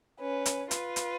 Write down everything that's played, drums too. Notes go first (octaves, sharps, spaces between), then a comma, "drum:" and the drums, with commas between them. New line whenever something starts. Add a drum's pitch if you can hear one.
C#4 B4
drum: hi-hat
F4 B4, drum: hi-hat
drum: hi-hat